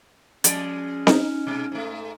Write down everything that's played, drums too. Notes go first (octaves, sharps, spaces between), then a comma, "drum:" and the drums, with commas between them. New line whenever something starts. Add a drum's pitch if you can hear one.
F3 G#3 C#4 D5, drum: hi-hat
D#4, drum: snare C4
B2 G#3
G#2 A3